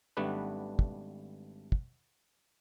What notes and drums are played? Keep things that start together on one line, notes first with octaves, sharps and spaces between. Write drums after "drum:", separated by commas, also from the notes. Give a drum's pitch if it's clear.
G#1 G3 A3 B3 D4 B4
drum: kick
drum: kick